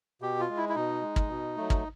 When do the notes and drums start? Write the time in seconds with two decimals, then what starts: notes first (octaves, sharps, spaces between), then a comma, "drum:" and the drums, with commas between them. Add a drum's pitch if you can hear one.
0.22 B2 G4
0.40 F4
0.49 G#3
0.57 E4
0.69 E4
0.75 B2 D#4
1.02 G#3
1.16 drum: kick
1.29 B2
1.57 F#3 A3
1.70 drum: kick